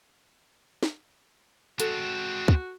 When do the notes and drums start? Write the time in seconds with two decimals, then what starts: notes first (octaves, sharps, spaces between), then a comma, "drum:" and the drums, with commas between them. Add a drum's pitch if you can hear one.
0.83 drum: snare
1.80 G#3 C4 F#4 A4, drum: hi-hat
2.48 drum: kick